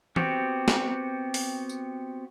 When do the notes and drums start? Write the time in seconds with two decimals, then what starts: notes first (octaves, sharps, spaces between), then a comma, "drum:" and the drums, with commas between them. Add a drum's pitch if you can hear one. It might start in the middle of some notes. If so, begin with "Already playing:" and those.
0.16 B3 C4 F#4 G4, drum: tom
0.68 drum: snare
1.34 drum: open hi-hat
1.69 drum: tambourine